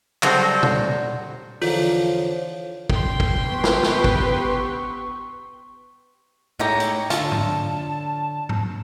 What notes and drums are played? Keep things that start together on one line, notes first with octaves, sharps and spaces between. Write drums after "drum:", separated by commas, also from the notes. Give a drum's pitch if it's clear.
F#3 G3 A4 C5, drum: clap
drum: tom
E2 D3 F3 F4 C5 C#5, drum: open hi-hat
G5 C6, drum: kick
drum: kick
B3 C4 G4 B4 C#6
drum: snare
drum: snare
drum: kick
A2 G#3 D#4 E4 G4 C#5 G5 A#5
drum: hi-hat
D3 F4 A4 C#5 A5, drum: hi-hat
drum: tom G#2
drum: tom G#2